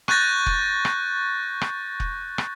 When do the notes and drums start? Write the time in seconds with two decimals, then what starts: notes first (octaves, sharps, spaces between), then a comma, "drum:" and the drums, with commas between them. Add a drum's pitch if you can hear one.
0.08 C#6 F#6 G6 A6 A#6, drum: rim click
0.46 drum: kick F1
0.85 drum: rim click
1.61 drum: rim click
2.00 drum: kick F1
2.38 drum: rim click